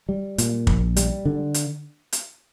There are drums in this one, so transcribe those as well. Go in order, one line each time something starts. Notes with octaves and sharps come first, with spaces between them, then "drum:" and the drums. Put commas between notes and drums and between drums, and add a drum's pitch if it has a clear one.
G3
A#2, drum: hi-hat
A#1, drum: kick
G3, drum: hi-hat
D3
drum: hi-hat
drum: hi-hat